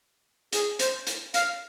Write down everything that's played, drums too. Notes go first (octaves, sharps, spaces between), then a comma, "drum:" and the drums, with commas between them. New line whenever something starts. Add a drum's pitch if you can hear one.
G#4, drum: hi-hat
C5, drum: hi-hat
drum: hi-hat
F5, drum: hi-hat